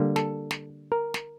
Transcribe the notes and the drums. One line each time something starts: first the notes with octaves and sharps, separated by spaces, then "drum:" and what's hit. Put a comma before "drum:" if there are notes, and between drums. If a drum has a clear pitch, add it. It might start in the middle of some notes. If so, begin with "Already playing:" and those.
Already playing: D3 G3 A#3
A4, drum: snare
drum: snare
A#4
drum: snare